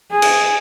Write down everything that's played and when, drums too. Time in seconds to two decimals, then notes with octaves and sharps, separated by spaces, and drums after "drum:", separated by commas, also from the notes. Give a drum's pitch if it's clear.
0.12 G#4
0.22 drum: cymbal